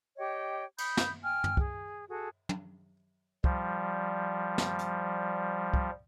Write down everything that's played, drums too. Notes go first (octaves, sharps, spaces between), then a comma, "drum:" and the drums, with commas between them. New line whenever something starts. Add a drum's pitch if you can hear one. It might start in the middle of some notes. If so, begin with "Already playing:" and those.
G4 C#5 D#5 G5
B5 D#6 G6, drum: cymbal
drum: snare
G5 G#5 F6
drum: tom
G#4, drum: kick
F#4 G#4 A4
drum: tom
F3 G3, drum: kick
drum: snare
drum: hi-hat
drum: kick